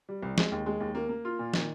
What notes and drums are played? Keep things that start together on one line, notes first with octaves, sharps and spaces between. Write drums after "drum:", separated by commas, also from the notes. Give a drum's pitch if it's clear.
G3
C2
G#3, drum: snare
D#2
G#3
D#2
A#3
A#3
F4
A#2
D#3, drum: snare